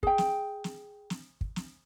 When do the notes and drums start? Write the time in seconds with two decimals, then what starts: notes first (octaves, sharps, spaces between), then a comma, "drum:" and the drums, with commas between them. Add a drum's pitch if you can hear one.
0.03 G#4 G5, drum: kick
0.18 drum: snare
0.64 drum: snare
1.10 drum: snare
1.41 drum: kick
1.56 drum: snare